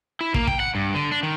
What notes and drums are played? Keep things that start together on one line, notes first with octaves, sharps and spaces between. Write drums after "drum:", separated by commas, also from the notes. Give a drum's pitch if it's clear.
E4
A#3, drum: kick
G5, drum: kick
F#5
G2
D3
D4
D#3